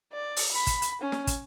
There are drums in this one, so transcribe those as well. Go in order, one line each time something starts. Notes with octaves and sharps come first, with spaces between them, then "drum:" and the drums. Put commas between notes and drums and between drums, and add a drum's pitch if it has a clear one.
D5
drum: open hi-hat
B5
drum: kick, hi-hat
drum: hi-hat
C#4
drum: snare
drum: kick, hi-hat